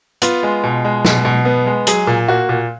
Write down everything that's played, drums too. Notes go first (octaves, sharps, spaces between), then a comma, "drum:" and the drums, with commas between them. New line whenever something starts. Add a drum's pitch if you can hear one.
B3 F4, drum: hi-hat
G#3
B2
G#3
B2, drum: snare
B2
B3
G#3
F#3 G#4, drum: hi-hat
A#2
A#3 F#4
A#2